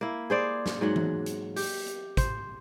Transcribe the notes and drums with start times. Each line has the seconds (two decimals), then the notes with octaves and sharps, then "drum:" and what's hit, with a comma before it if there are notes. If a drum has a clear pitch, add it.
0.01 A#3 E4
0.30 G#4 C5 D5
0.66 drum: snare
0.81 G#2 F#3 F#5
0.96 drum: tom E3
1.26 drum: hi-hat
1.56 G4, drum: open hi-hat
1.87 drum: hi-hat
2.17 C5, drum: kick, hi-hat